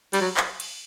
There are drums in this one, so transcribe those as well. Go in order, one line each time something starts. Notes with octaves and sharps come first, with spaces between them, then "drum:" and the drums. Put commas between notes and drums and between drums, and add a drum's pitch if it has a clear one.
G3, drum: cymbal
F#3
drum: clap
drum: cymbal